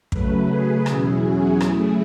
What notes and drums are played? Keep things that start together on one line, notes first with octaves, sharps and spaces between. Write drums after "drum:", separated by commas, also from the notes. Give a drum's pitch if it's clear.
C#3 F#3 A3 B4, drum: kick
G#4
E2 B2 F#3 C#4 E4 G#4, drum: rim click
F#4
C#3 F#3 A3 E4 G#4, drum: rim click